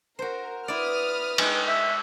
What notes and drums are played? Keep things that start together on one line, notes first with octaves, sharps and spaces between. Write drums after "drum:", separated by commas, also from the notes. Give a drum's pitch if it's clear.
F#4 A#4 C5
E4 B4 D5 D#6 F6
G#3 D#4 G5, drum: cymbal
E5 E6